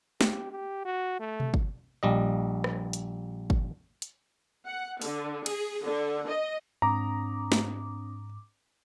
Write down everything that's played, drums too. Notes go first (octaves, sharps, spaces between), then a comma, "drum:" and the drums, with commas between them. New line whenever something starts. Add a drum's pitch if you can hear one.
G4, drum: snare
G4
F#4
A3
drum: tom B2
drum: kick
A#1 G3 D#5
drum: rim click
drum: hi-hat
drum: kick
drum: hi-hat
F#5
D3, drum: open hi-hat
G#4, drum: cymbal
D3
D#5
G#2 C4 D4 A#5 D6 D#6
drum: snare